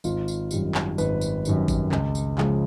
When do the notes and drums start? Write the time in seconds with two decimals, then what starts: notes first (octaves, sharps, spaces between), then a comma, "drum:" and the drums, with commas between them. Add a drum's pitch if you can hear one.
0.04 G#1 F4, drum: tambourine
0.28 drum: tambourine
0.51 F#2 D#3 G3, drum: tambourine
0.75 drum: clap
0.98 G#1 B4, drum: tambourine
1.21 drum: tambourine
1.45 F#2 D#3 G3, drum: tambourine
1.68 drum: kick G#1, tambourine
1.92 C#2, drum: clap
2.15 drum: tambourine
2.38 C#3 F3 G#3, drum: clap